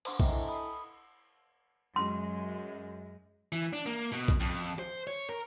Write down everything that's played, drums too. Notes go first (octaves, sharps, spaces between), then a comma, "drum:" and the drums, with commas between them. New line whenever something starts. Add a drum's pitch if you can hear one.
D4 C5, drum: cymbal
D#5 E5 G5 G#5 A#5, drum: kick A#1
E4 A4 A5
B5 D#6
F#2 G#3 C6
E3
D4
A#3
B2
drum: kick A#1
F2
C5
C#5
A#4